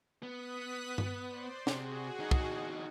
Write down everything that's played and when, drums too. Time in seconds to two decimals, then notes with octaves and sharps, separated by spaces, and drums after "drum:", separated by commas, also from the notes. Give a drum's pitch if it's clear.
0.23 B3 D#6 F#6 B6
0.98 drum: tom G2
1.28 C5 D5 C6
1.67 C3 F#4 G#4, drum: snare
2.19 E2 D#4
2.31 drum: kick